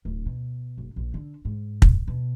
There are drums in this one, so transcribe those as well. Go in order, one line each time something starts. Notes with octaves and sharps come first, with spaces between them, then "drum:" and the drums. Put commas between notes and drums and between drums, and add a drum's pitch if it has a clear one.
D1
B2
F#1
A#1
D3
G#2
drum: kick
B2